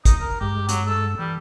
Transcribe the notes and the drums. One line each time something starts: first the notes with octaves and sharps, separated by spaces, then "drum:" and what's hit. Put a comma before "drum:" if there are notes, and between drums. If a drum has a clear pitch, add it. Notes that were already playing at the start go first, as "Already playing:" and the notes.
D#4, drum: kick, hi-hat
A#4
G2 G#3 G4
F#3, drum: hi-hat
A4
E3 G3